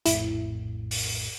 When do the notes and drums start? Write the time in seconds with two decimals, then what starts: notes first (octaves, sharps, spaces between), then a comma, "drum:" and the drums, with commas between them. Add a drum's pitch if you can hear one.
0.06 A#1 F2 A2 E4, drum: hi-hat
0.91 drum: open hi-hat